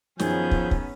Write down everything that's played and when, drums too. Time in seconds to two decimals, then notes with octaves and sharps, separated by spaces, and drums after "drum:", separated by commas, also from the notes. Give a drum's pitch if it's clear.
0.19 F#2 D#3 F3 B3 C#4 G#4 G6, drum: snare
0.51 drum: kick
0.71 drum: kick